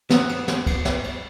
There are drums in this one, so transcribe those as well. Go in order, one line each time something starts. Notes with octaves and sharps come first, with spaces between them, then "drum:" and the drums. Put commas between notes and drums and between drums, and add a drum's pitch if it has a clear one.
B3, drum: snare
drum: cymbal
drum: snare
drum: kick, cymbal
drum: snare
drum: cymbal